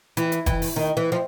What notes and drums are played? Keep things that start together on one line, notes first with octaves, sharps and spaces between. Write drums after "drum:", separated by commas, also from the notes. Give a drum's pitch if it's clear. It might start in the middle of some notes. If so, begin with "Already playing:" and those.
E3, drum: hi-hat
drum: hi-hat
E3, drum: kick, hi-hat
drum: open hi-hat
D#3
E3
F3